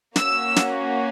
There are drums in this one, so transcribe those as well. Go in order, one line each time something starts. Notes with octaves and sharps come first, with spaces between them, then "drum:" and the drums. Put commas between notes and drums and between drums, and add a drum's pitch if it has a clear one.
A#3 C#4 F#4 E6, drum: snare
drum: snare